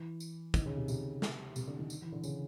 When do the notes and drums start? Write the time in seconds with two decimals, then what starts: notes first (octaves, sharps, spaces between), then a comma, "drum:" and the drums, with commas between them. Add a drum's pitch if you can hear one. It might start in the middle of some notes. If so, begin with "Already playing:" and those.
Already playing: E3
0.20 drum: tambourine
0.54 D#3, drum: kick, tambourine
0.66 C#3
0.77 C3
0.88 C3, drum: tambourine
1.22 drum: snare
1.56 C3, drum: tambourine
1.68 D3
1.79 D#3
1.90 drum: tambourine
2.02 E3
2.12 D3
2.24 C#3, drum: tambourine